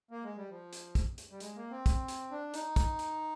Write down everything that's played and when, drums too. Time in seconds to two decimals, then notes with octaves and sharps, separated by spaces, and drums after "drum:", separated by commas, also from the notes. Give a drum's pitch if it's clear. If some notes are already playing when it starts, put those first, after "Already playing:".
0.11 A#3
0.24 G#3
0.37 G3
0.50 F3
0.73 drum: hi-hat
0.95 drum: kick, hi-hat
1.18 drum: hi-hat
1.31 G3
1.40 G#3, drum: hi-hat
1.56 A#3
1.71 C4
1.86 drum: kick, hi-hat
2.08 drum: hi-hat
2.31 D4
2.54 D#4, drum: hi-hat
2.76 drum: kick, hi-hat
2.99 drum: hi-hat